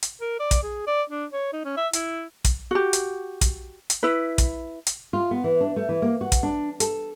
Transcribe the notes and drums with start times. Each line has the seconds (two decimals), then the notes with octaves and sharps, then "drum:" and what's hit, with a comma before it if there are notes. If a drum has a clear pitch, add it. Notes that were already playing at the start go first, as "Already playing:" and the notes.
0.03 drum: hi-hat
0.21 A#4
0.40 D5
0.51 drum: kick, hi-hat
0.63 G#4
0.87 D5
1.09 D4
1.33 C#5
1.53 D#4
1.65 C#4
1.77 E5
1.93 E4, drum: hi-hat
2.45 drum: kick, hi-hat
2.71 F#4 G4
2.93 drum: hi-hat
3.41 drum: kick, hi-hat
3.90 drum: hi-hat
4.03 E4 B4
4.38 drum: kick, hi-hat
4.87 drum: hi-hat
5.13 F4
5.31 B3
5.44 E3
5.61 D4
5.76 A3
5.89 E3
6.02 A#3
6.21 F#4
6.32 drum: kick, hi-hat
6.43 D4
6.80 A4, drum: hi-hat